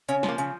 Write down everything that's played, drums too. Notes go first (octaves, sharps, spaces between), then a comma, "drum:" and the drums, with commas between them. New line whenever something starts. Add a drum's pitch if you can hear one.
C#3 C#4, drum: hi-hat
F3, drum: snare
A#3
C#3, drum: hi-hat